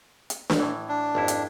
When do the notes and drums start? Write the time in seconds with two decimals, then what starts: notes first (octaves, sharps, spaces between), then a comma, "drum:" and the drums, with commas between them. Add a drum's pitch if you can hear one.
0.30 drum: hi-hat
0.50 drum: snare D4
0.59 A2 E3
0.89 D4
1.15 G#1 F2 E4
1.28 drum: hi-hat